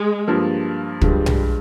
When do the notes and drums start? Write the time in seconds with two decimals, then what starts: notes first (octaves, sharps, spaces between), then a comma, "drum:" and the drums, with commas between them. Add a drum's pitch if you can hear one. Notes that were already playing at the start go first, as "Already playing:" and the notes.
Already playing: G#3
0.27 G2 F3 A#3
1.01 G2 F3 G3 G#3, drum: kick
1.26 drum: tom B1